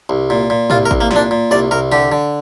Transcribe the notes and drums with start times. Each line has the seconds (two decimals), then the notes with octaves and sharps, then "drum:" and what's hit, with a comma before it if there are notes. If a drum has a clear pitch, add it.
0.09 C2
0.30 A#2
0.50 A#2
0.70 C2 F4, drum: tom
0.86 A#4
0.91 C2, drum: kick A1
1.01 A#3
1.11 A#2, drum: snare
1.16 D4
1.31 A#2
1.51 C2 D5
1.71 C2 A#4
1.92 D3 G4
2.12 D3